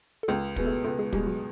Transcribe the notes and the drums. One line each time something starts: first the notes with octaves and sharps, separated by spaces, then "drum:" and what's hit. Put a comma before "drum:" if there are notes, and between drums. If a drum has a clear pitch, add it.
A4
C#2 G#3 G#4
B2 G#3 B3, drum: kick
A3 A4
C#2 A3 A4
G#3 G#4
B2 G3 G#3 B3 G4, drum: kick
F#3 F#4